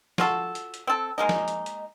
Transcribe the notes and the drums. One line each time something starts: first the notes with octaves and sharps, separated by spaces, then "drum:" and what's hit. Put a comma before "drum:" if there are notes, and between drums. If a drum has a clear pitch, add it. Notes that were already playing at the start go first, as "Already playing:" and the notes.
F4 F#4 A4, drum: snare
drum: hi-hat
drum: hi-hat
C4 A4
G#3 A#3 D#4
drum: snare
drum: hi-hat
drum: hi-hat